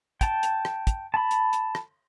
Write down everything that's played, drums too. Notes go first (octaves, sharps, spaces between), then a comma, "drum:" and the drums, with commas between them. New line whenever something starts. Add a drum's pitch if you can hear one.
G5 A5, drum: kick, hi-hat
drum: hi-hat
drum: rim click
drum: kick, hi-hat
A5 B5
drum: hi-hat
drum: hi-hat
drum: rim click